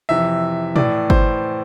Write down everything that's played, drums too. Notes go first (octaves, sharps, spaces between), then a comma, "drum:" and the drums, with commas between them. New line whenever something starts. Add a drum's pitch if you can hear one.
F2 C3 E3 E5
A2 E3 D5, drum: tom
C5, drum: kick G1